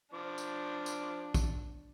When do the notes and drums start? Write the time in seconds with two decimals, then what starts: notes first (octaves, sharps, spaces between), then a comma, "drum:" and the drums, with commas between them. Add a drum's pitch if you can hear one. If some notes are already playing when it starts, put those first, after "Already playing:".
0.14 F3 D4 D6
0.38 drum: tambourine
0.86 drum: tambourine
1.34 drum: kick, tambourine